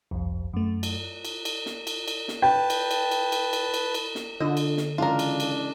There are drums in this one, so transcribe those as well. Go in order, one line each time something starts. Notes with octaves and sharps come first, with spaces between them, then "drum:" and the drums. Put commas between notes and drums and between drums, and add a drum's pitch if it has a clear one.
G1 C2 F2
F#2 A3
drum: cymbal
drum: cymbal
drum: cymbal
drum: snare
drum: cymbal
drum: cymbal
drum: snare
B4 G5 A5
drum: cymbal
drum: cymbal
drum: cymbal
drum: cymbal
drum: cymbal
drum: cymbal
drum: cymbal
drum: snare
D3 D4 F4 D#5
drum: cymbal
drum: snare
C#3 E3 G#3 D4 F4 A#4
drum: cymbal
drum: cymbal